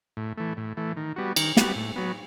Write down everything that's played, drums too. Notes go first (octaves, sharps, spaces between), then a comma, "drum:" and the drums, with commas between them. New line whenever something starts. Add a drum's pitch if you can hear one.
A2
E3 A3
A2
E3 A3
D#3
G3 B3 F#4
D#3, drum: cymbal
G3 B3 F#4, drum: snare
A2
F#3 B3